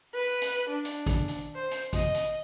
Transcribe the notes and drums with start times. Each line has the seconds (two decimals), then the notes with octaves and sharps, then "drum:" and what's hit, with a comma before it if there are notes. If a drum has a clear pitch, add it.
0.14 B4
0.42 drum: hi-hat
0.69 D4
0.85 drum: hi-hat
1.06 drum: kick G#1, hi-hat
1.28 drum: hi-hat
1.55 C5
1.71 drum: hi-hat
1.93 D#5, drum: kick G#1, hi-hat
2.14 drum: hi-hat